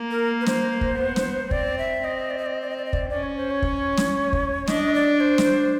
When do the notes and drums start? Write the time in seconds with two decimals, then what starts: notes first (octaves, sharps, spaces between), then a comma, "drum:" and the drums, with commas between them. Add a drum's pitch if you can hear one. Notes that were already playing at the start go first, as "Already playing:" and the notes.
Already playing: A#3
0.11 A#4
0.41 B4
0.47 C5, drum: snare
0.81 drum: kick
0.98 B3
1.16 drum: snare
1.51 C4 D5, drum: kick
1.78 E5
2.04 C4 D#5
2.30 D5
2.38 D#5
2.46 D5
2.54 D#5
2.62 D5
2.70 D#5
2.77 D5
2.85 D#5
2.93 D5, drum: kick
3.10 C#4 D5
3.24 C#5
3.37 C5
3.51 C#5
3.62 drum: kick
3.98 drum: snare
4.33 drum: kick
4.68 D4 D#5, drum: snare
4.95 D5
5.21 C5
5.38 drum: snare